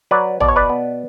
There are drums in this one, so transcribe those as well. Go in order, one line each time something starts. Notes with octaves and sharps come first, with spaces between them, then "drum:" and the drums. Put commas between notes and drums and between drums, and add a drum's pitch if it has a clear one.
F#3 B4 D5
B2 D5, drum: tom
C#5
B4 D5
B3